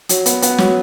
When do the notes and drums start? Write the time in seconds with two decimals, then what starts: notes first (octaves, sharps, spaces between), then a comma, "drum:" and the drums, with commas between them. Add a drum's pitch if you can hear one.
0.09 F#3, drum: hi-hat
0.26 B3, drum: hi-hat
0.42 B3, drum: hi-hat
0.58 F#3, drum: snare